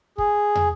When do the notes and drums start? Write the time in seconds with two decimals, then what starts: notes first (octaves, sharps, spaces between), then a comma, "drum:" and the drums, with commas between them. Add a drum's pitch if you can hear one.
0.18 G#4, drum: kick
0.55 drum: tom